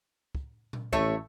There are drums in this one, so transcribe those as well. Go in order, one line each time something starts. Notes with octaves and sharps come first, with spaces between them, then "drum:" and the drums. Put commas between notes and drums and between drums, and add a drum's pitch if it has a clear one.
drum: kick
drum: tom A#2
A1 A3 C#5 E5, drum: kick